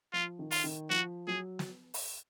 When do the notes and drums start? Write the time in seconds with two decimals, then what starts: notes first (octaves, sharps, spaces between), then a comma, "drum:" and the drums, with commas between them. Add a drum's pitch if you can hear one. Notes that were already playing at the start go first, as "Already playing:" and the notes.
0.13 F3 F4
0.39 D#3
0.51 F4, drum: open hi-hat
0.64 D#3
0.90 F3 F#4
1.27 F#3 G#4
1.59 drum: snare
1.94 drum: open hi-hat